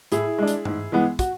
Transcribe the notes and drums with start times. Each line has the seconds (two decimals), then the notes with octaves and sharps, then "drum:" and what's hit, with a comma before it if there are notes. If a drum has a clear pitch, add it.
0.12 A2 E4 G#4, drum: hi-hat
0.38 G#3 D4
0.48 drum: hi-hat
0.65 G#2, drum: tom G2
0.92 E3 G#3 B3
1.19 F#4, drum: kick, hi-hat